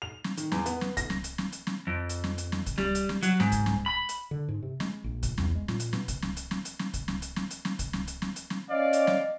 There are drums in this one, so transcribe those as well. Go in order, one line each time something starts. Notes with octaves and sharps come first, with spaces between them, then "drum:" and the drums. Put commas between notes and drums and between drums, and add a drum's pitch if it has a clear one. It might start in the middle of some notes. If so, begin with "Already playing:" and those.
F7
drum: snare
D#3, drum: hi-hat
E2, drum: snare
B3, drum: hi-hat
drum: snare
A#6, drum: kick C2, hi-hat
drum: snare
drum: hi-hat
drum: snare
drum: hi-hat
drum: snare
F2
drum: hi-hat
drum: snare
drum: hi-hat
drum: snare
drum: kick C2, hi-hat
G3, drum: snare
drum: hi-hat
drum: snare
F#3, drum: hi-hat
G#2, drum: snare
drum: kick C2, hi-hat
drum: snare
B5
drum: hi-hat
D3
G#2
C3
G#3, drum: snare
A#1
drum: kick C2, hi-hat
E2, drum: snare
G#3
A#2, drum: snare
drum: hi-hat
B2, drum: snare
drum: kick C2, hi-hat
drum: snare
drum: hi-hat
drum: snare
drum: hi-hat
drum: snare
drum: kick C2, hi-hat
drum: snare
drum: hi-hat
drum: snare
drum: hi-hat
drum: snare
drum: kick C2, hi-hat
drum: snare
drum: hi-hat
drum: snare
drum: hi-hat
drum: snare
C#4 D5 D#5 F5
drum: hi-hat
drum: snare